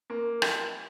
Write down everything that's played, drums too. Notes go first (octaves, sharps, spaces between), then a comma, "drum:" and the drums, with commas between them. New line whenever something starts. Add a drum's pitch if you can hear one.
A#3
drum: rim click